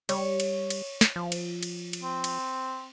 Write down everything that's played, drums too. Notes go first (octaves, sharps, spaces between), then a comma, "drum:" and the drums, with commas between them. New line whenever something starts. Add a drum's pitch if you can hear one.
G3 C#5, drum: cymbal
drum: cymbal
drum: cymbal
drum: snare
F3
drum: cymbal
drum: cymbal
drum: cymbal
C4
drum: cymbal